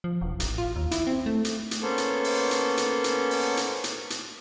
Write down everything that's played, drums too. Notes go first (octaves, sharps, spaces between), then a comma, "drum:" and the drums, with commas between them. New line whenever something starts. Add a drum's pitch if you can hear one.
F3
E1
A1, drum: hi-hat
F4
D#2
E4, drum: hi-hat
C4
A3
drum: hi-hat
drum: hi-hat
A#3 B3 C#4 A4 C5 C#5
drum: hi-hat
drum: open hi-hat
drum: hi-hat
drum: hi-hat
drum: hi-hat
drum: open hi-hat
drum: hi-hat
drum: hi-hat
drum: hi-hat